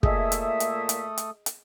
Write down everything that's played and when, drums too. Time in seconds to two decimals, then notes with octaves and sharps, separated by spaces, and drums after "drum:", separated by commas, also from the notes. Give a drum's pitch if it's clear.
0.03 A#2 A3 A#3 G#4 A4 D#5 E5 D#6, drum: kick
0.32 drum: hi-hat
0.60 drum: hi-hat
0.89 drum: hi-hat
1.18 drum: hi-hat
1.46 drum: hi-hat